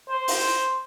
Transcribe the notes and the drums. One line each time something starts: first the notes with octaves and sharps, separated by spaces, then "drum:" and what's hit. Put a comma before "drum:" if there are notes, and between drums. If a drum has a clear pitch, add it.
C5
drum: open hi-hat